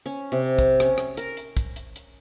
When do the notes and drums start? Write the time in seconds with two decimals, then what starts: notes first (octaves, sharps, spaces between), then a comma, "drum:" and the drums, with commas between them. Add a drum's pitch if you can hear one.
0.06 C#4
0.32 C3
0.59 drum: kick, hi-hat
0.80 C#4, drum: rim click
0.98 drum: rim click
1.17 A#4, drum: hi-hat
1.37 drum: hi-hat
1.57 drum: kick, hi-hat
1.76 drum: hi-hat
1.96 drum: hi-hat